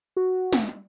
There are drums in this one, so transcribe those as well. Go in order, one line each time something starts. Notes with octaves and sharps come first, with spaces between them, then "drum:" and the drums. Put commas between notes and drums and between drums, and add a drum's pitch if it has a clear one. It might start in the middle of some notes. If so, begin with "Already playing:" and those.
F#4
drum: snare